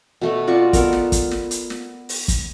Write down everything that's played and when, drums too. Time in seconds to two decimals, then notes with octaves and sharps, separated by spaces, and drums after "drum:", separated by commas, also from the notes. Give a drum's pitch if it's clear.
0.21 B2 A3 B3
0.47 F4 F#4 D5 C#6
0.73 B3 A4 A#4, drum: kick, hi-hat
0.93 drum: snare
1.12 drum: kick, hi-hat
1.31 drum: snare
1.51 drum: hi-hat
1.70 drum: snare
2.09 drum: open hi-hat
2.28 drum: kick, hi-hat